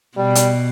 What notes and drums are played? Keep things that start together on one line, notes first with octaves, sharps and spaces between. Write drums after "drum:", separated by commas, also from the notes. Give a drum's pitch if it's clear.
B2 G3
drum: hi-hat